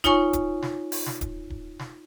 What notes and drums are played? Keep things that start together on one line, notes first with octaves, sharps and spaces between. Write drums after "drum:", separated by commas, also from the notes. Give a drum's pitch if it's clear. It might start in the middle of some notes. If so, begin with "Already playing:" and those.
D#4 F4 C#5 G#5 C#6, drum: kick D1, hi-hat
drum: kick D1, hi-hat
drum: snare
drum: open hi-hat
drum: snare
drum: kick D1, hi-hat
drum: kick D1
drum: snare